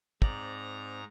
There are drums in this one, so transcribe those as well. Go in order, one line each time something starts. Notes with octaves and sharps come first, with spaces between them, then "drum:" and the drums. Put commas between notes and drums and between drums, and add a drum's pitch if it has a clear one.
G#2 C4 D5 A#5, drum: kick